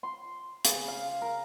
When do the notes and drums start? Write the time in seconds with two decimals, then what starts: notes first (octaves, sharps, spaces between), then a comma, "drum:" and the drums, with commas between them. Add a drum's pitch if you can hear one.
0.03 C6
0.65 C#3, drum: hi-hat
0.88 F5
1.22 A#4